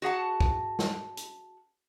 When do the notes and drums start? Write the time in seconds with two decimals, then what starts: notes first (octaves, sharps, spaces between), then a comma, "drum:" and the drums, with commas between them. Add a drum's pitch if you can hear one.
0.02 F#4 G#4 F#5 A5
0.40 drum: kick
0.79 drum: snare
1.17 drum: hi-hat